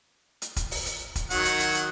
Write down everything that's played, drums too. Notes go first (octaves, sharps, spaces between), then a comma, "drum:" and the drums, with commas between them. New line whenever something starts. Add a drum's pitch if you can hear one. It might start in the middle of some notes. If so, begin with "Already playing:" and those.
drum: hi-hat
drum: kick E1, hi-hat
drum: open hi-hat
drum: hi-hat
drum: kick E1, hi-hat
D#3 F#3 F#5, drum: hi-hat
drum: hi-hat
drum: hi-hat
drum: hi-hat